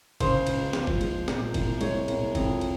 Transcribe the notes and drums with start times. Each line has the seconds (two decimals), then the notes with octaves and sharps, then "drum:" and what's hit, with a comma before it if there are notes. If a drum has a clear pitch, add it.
0.20 C#3 C5, drum: kick F#1, cymbal
0.47 C#2, drum: cymbal
0.73 F3, drum: snare
0.87 drum: kick F#1
1.01 G#3, drum: cymbal
1.28 A#2, drum: snare
1.54 C2, drum: kick F#1, cymbal
1.81 G#3 C#5, drum: cymbal
2.08 C2, drum: cymbal
2.35 F2, drum: kick F#1, cymbal
2.61 drum: cymbal